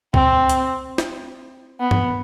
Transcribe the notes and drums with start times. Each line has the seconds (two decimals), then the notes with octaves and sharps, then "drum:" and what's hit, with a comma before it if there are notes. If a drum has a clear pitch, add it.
0.14 C4, drum: kick C#2
0.49 drum: hi-hat
0.98 drum: snare
1.80 B3
1.91 drum: tom G2